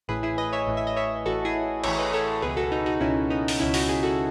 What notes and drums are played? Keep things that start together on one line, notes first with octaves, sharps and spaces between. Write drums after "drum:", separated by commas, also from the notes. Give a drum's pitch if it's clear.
A1 A2 E3 G#4 B4
E4 G#4
B4 D#5
C#5 E5
A1 A2 E3
E5
D#5
C#5 E5
A1 A2 E3 F#4 A4
E4 G#4
A1 A2 E3 C#5 E5, drum: cymbal
B4 D#5
A4 C#5
C#2 B2 G#4 B4
F#4 A4
D#4 F#4
D#4 F#4
C#2 B2 C#4 E4
B3 D#4
drum: open hi-hat
C#2 B2 C#4 E4
D#4 F#4, drum: open hi-hat
E4 G#4
F#4 A4